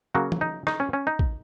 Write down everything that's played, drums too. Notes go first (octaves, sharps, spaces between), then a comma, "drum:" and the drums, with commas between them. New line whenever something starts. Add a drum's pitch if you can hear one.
C#3 F#3 A#3 F#4
drum: tom
D#4
D#4, drum: rim click
C#4
C#4
D#4
drum: kick